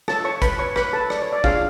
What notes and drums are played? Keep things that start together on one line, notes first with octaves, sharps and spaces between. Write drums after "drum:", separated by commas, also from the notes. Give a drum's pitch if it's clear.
F4 A4 C#5 A5, drum: rim click
C#5 C#6
B4 B5, drum: kick, hi-hat
C#5 C#6
B4 B5, drum: rim click
A4 A5
D5, drum: rim click
C#5
D5
D4 F4 G#4 C#5 F5, drum: kick